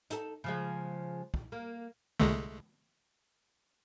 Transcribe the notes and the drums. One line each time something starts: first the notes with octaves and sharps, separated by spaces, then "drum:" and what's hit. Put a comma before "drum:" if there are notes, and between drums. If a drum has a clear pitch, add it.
D#4 A4, drum: hi-hat
C#3 F3 G#3
drum: kick
A#3
C2 G#3 A3, drum: tom D3